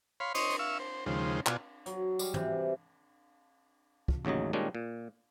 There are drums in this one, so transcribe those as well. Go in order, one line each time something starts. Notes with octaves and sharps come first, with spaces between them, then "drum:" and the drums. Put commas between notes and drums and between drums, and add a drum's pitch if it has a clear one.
C#5 F5 B5 C6
C5 C#5 D#5 C6 C#6 D#6, drum: cymbal
drum: hi-hat
E5 F5 C#6 E6
C5
D#2 C#3 F3 G#3 C5
B2 F4 F#4 D5 G#5, drum: clap
F#3, drum: hi-hat
G3, drum: tambourine
C3 E3, drum: tom
drum: kick
A1 D#2 C#3 F#3 D#5
A#2 D#3 G3 G#3 C#4 D4
A#2